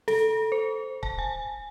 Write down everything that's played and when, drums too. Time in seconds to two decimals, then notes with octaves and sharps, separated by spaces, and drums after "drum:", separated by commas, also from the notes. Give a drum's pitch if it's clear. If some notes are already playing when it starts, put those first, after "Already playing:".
0.08 A4, drum: snare
0.52 C5
1.03 A5, drum: kick C#1
1.19 G#5